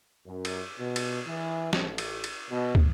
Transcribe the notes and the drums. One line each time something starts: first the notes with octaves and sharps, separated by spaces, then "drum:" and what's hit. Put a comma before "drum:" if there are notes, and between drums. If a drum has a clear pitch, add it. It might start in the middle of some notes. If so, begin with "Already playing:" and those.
F#2
drum: cymbal
B2
drum: cymbal
E3
A1, drum: snare
drum: cymbal
drum: cymbal
B2
drum: kick